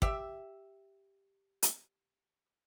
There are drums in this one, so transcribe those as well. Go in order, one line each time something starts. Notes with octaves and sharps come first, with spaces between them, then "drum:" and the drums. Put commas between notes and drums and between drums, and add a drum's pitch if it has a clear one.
G4 E5, drum: kick
drum: hi-hat